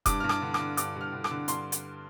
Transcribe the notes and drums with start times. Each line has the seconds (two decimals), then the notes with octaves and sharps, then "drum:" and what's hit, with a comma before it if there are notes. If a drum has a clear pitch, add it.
0.06 G2 D6, drum: kick E1, hi-hat
0.20 G2 F6
0.29 D6, drum: rim click
0.42 D3
0.54 D6, drum: rim click
0.59 D3
0.77 G2 D6, drum: hi-hat
0.96 G2 F6
1.13 D3
1.24 D6, drum: rim click
1.31 D3
1.48 G2 C6, drum: hi-hat
1.72 drum: hi-hat